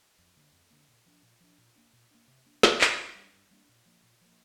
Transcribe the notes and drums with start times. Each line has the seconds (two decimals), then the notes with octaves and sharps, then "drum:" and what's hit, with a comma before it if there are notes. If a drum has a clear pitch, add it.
0.19 F2
0.36 D3 A#3
0.53 F2
0.70 D3 A#3
0.88 A#2
1.06 F3 D4
1.23 A#2
1.40 F3 D4
1.58 A#2
1.76 A#3 D4
1.93 A#2
2.11 A#3 D4
2.28 C3
2.46 A#3 D4
2.63 C3, drum: snare
2.81 A#3 D4, drum: clap
2.98 G2
3.16 G3 A#3 D4
3.33 G2
3.51 G3 A#3 D4
3.69 A#2
3.86 F3 A#3
4.03 A#2
4.21 F3 A#3